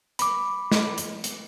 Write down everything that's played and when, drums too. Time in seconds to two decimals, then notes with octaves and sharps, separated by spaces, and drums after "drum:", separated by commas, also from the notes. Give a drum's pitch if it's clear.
0.19 B5 D6, drum: hi-hat
0.72 drum: snare
0.98 drum: hi-hat
1.24 drum: hi-hat